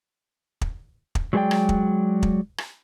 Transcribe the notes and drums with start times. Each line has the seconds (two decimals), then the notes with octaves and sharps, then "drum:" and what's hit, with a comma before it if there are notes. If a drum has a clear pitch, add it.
0.61 drum: kick
1.15 drum: kick
1.33 F#3 G#3 G#4 C5 D5 G5
1.51 drum: rim click
1.69 drum: kick
2.23 drum: kick
2.58 drum: rim click